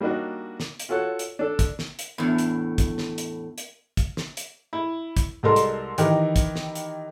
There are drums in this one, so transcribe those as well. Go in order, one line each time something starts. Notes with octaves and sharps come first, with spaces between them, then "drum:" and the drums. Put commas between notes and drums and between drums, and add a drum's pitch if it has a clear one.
G3 A#3 D4 D#4 F#4
drum: snare
drum: hi-hat
F4 F#4 A4 C#5 F#5
drum: hi-hat
D4 A4
drum: kick, hi-hat
drum: snare
drum: hi-hat
E2 A2 B3 D4
drum: hi-hat
drum: kick, hi-hat
drum: snare
drum: hi-hat
drum: hi-hat
drum: kick, hi-hat
drum: snare
drum: hi-hat
E4
drum: kick, hi-hat
C2 G#3 A4 A#4 C6
drum: hi-hat
D#3 E3 D#4 G4 A#4, drum: hi-hat
drum: kick, hi-hat
drum: snare
drum: hi-hat